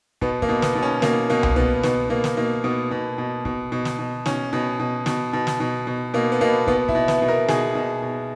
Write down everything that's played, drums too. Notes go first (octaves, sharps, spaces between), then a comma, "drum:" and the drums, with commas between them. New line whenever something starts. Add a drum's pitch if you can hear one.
B2 B3, drum: kick
A#3, drum: kick
B2
B3, drum: snare
B2
C#4
B2 A#3, drum: snare
B2 A#3
drum: tom C2
B2 B3
B2 B3, drum: snare
B2 A#3
drum: snare
B2 A#3
B2 B3
B2
B2
B2, drum: kick
B2
drum: snare
B2
B2 C#4, drum: snare
B2
B2
B2, drum: snare
B2
drum: snare
B2
B2
B2 A#3
B3
B2 A#3
B2 B3, drum: kick
E4, drum: kick
B2
B3, drum: snare
B2
A#4
B2 G#4, drum: snare
B2
B2